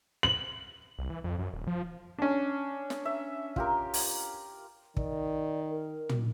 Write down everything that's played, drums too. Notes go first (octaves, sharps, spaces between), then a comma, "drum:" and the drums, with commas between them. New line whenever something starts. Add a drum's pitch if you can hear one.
F#7
C2
E3
F2
F#2
D#1
F3
C#4 D4
drum: snare
E5
F4 G4 A#4, drum: kick
drum: open hi-hat
D#3 D5, drum: kick
A#4
drum: tom